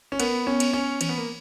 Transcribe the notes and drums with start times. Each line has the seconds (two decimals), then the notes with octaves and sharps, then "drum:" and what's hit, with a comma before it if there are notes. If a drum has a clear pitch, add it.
0.12 C#4
0.20 B3 A#4, drum: cymbal
0.47 B3 C#4
0.60 drum: cymbal
0.73 C#4 C#5
1.01 E3 C#4, drum: cymbal
1.09 B3
1.18 A#3